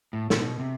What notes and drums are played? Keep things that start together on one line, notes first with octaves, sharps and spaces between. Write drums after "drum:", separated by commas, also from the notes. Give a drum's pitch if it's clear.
A2
A2, drum: snare
B2
C3